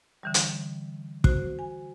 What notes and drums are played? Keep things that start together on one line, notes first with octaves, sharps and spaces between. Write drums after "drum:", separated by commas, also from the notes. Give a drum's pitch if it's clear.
D3 E3 G3
drum: hi-hat
F#4 C5, drum: kick
G#5